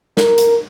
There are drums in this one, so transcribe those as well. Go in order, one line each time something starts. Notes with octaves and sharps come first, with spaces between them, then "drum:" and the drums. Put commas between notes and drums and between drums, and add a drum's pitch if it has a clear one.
A#4, drum: snare
drum: hi-hat